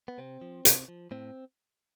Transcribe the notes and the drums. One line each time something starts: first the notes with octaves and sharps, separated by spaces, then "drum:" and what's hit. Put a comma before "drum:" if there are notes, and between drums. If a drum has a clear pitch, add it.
B3
C3 C4
F3
C3, drum: hi-hat
F3
A2 C4